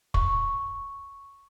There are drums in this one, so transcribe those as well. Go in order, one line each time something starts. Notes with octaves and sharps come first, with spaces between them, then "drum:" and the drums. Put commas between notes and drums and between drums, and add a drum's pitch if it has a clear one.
C#6, drum: kick